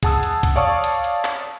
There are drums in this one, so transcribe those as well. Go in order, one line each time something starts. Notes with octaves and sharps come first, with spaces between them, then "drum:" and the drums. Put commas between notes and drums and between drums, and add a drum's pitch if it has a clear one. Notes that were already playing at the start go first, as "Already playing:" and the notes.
G#4 F#5 A5 D#6 E6, drum: kick C2, hi-hat
drum: hi-hat
drum: kick C2, hi-hat
C#5 D5 F5 A5 C#6 D#6
drum: hi-hat
drum: hi-hat
drum: clap